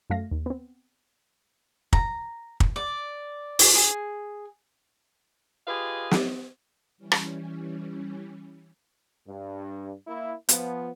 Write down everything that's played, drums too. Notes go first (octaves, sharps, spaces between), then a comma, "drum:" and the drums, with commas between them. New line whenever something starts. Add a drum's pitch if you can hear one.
F#2 F#3 A3 F5 A#6
D#2
B3 C4
A#5, drum: kick
drum: kick
D5
drum: open hi-hat
G#4
F4 G4 G#4 B4 D#5 F5
drum: snare
E3 G3 C#4
drum: rim click
G2
A#3 E4
F3 B3, drum: hi-hat